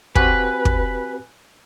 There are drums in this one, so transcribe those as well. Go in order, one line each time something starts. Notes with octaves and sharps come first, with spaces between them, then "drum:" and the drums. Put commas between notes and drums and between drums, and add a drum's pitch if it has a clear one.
C4 F#4 G4 B4 G#5 F#6, drum: kick
drum: kick